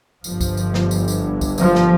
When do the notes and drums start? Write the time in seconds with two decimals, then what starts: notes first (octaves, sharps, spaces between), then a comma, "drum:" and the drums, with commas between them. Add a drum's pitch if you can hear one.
0.24 G1 G2 F3, drum: tambourine
0.41 drum: kick, tambourine
0.57 drum: tambourine
0.74 drum: snare
0.91 drum: tambourine
1.08 drum: tambourine
1.41 drum: kick, tambourine
1.58 F3, drum: tambourine
1.75 drum: snare